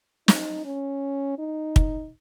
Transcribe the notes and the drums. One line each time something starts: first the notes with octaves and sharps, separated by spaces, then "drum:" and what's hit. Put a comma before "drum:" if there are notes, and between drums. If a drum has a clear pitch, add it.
D#4, drum: snare
C#4
D#4
drum: kick